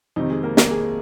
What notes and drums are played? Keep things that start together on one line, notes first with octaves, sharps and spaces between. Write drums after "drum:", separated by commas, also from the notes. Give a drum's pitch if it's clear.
F2 C3 D#3 D#4
G#3 G#4
A#3 A#4
A#3 A#4, drum: snare
G#3 G#4